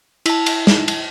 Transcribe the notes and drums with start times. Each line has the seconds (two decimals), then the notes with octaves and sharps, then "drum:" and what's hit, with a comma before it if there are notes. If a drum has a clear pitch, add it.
0.26 E4 A5, drum: cymbal
0.46 drum: cymbal
0.67 drum: snare
0.88 drum: cymbal